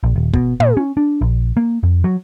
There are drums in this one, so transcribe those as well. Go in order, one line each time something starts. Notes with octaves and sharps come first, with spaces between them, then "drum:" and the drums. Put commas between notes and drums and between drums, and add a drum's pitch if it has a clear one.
A#1
D#1
B2, drum: kick
A#2, drum: tom
C#4
D4
A#1
A#3
F2
F#3